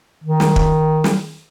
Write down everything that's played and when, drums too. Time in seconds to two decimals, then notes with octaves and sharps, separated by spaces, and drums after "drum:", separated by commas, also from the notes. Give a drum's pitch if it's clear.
0.24 D#3
0.40 drum: snare
0.56 drum: kick
1.04 drum: snare